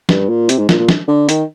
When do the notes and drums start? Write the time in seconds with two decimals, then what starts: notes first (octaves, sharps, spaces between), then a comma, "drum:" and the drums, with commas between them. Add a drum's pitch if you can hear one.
0.09 G2, drum: snare
0.29 A#2
0.49 C3, drum: hi-hat
0.58 G#2
0.69 A#2, drum: snare
0.79 A#2
0.89 drum: snare
1.08 D3
1.29 D#3, drum: hi-hat